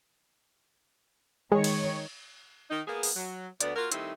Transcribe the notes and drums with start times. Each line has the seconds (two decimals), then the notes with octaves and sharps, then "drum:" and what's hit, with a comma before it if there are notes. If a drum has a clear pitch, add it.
1.52 D#3 G#3 C#5
1.64 drum: cymbal
2.70 D#3 D#4
2.87 A#3 B3 G#4
3.03 drum: open hi-hat
3.16 F#3
3.61 D2 B3 D5, drum: hi-hat
3.76 A#3 F4 F#4 A#4
3.92 D#3 G3 A3 C4 D#4 E4, drum: hi-hat